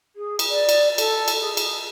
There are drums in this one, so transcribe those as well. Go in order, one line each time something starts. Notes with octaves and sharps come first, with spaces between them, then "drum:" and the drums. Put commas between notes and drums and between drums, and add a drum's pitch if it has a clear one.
G#4
drum: cymbal
D5
drum: cymbal
A4, drum: cymbal
drum: cymbal
G#4
drum: cymbal